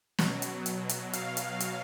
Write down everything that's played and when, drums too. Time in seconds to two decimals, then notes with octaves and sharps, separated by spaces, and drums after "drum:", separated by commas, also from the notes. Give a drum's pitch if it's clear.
0.19 B2 F#3, drum: snare
0.42 drum: hi-hat
0.66 drum: hi-hat
0.89 drum: hi-hat
1.13 F5, drum: hi-hat
1.37 drum: hi-hat
1.60 drum: hi-hat